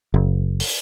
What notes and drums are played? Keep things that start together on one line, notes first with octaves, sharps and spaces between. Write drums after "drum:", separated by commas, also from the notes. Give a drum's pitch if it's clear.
F#1
drum: open hi-hat